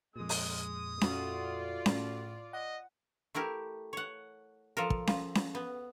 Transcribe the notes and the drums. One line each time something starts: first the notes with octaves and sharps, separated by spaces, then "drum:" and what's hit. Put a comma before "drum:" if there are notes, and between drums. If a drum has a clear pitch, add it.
F2 A#2 G#3 D#6
drum: open hi-hat
A3 F4 F#4 D5, drum: snare C#4
A2, drum: snare C#4
D#5 F#5
A3 E4 G4 A#4
C#5 F#5
F3 A4 A#4
drum: kick
F3, drum: snare C#4
drum: snare C#4
B3